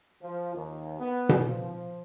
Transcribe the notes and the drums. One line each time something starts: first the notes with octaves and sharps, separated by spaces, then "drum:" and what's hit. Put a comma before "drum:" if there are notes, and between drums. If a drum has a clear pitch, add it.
F3
D#2
B3
drum: tom B2
F3